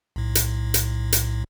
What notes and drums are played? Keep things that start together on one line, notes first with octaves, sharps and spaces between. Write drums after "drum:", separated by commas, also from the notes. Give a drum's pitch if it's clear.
B1 A2
drum: hi-hat
drum: hi-hat
drum: hi-hat